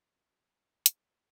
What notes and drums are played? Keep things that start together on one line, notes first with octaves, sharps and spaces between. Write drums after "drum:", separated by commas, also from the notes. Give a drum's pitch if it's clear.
F#3 G#3 A#3 C4 C#4 F4
drum: hi-hat